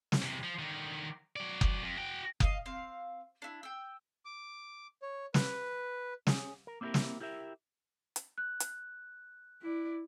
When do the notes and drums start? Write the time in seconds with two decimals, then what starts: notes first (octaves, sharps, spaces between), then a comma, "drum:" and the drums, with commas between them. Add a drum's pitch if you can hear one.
0.12 drum: snare
0.22 E2 C3
0.43 F3
0.59 D3 D#3
1.36 F#3 D5
1.61 drum: kick F#1
1.82 F2
1.97 F#4 G5
2.40 D#5 F5, drum: kick F#1
2.66 C4 F5
3.42 D4 E4
3.63 G5 E6
4.25 D6
5.02 C#5
5.34 B4, drum: snare
6.27 C#4 G#4, drum: snare
6.67 A#4
6.81 A#3 C4 D#4 E4 G4 A#4
6.94 drum: snare
7.20 E4 G4 A#4 E5
8.16 drum: hi-hat
8.38 F#6
8.60 drum: hi-hat
9.62 E4 D5